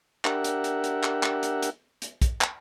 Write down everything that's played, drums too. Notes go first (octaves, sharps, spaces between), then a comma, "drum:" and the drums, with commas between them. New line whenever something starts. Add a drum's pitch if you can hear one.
D4 G4 A#4 E5 F#5, drum: clap
drum: hi-hat
drum: hi-hat
drum: hi-hat
drum: clap
drum: clap
drum: hi-hat
drum: hi-hat
drum: hi-hat
drum: kick, hi-hat
drum: clap